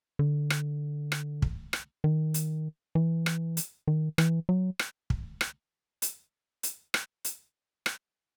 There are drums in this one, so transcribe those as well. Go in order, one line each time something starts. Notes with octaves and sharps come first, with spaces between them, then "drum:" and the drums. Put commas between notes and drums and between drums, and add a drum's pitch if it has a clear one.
D3
drum: rim click
drum: rim click
drum: kick
drum: rim click
D#3
drum: hi-hat
E3
drum: rim click
drum: hi-hat
D#3
E3, drum: rim click
F#3
drum: rim click
drum: kick
drum: rim click
drum: hi-hat
drum: hi-hat
drum: rim click
drum: hi-hat
drum: rim click